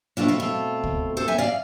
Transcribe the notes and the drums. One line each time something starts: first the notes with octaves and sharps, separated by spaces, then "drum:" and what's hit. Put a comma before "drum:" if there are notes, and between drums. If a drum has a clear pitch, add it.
B2 A3 C4 D4 F4
F4 A4
F4 A4
drum: kick
A4 C5
E5 G#5
D5 F5